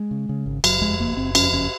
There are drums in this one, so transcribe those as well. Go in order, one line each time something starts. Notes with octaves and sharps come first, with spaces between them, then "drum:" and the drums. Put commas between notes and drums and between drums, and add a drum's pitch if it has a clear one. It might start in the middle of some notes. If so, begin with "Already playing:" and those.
Already playing: G#3
C#3
C#3
G#1
F#1 F#3, drum: cymbal
F2 G#3
F#1 A#3
F#1 C4
F2 C#4, drum: cymbal
F#1 C#4